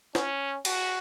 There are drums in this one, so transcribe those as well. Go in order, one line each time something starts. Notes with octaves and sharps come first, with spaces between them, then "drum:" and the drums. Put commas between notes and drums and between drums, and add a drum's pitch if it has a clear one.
C#4, drum: snare
F#4, drum: cymbal